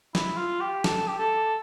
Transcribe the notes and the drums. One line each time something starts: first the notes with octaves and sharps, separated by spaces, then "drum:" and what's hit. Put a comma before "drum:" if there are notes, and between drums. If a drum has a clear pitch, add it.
E4, drum: snare
F4
G4
A4, drum: snare
G4
A4